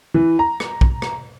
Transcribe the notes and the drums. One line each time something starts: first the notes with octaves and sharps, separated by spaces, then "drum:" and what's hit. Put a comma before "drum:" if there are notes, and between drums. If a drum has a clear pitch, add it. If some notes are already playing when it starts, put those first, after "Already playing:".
E3
A#5
drum: rim click
drum: kick B1
drum: rim click